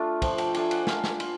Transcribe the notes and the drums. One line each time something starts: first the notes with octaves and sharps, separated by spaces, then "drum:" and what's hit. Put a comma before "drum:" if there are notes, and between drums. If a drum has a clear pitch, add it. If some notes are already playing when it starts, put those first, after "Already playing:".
Already playing: A3 D4 F4
F3 G5, drum: kick, cymbal
G5, drum: cymbal
A3 D4 F4 G#5, drum: cymbal
F#5, drum: cymbal
A#3 F5, drum: snare
drum: snare
F4, drum: cymbal